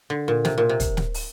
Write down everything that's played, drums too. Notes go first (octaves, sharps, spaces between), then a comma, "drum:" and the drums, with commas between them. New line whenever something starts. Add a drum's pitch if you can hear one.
D3
A#2
C3, drum: snare
A#2
C3
drum: kick, hi-hat
drum: snare
drum: open hi-hat